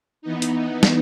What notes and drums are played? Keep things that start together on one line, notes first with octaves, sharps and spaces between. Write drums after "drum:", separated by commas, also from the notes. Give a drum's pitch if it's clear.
E3 B3 D#4
drum: hi-hat
drum: snare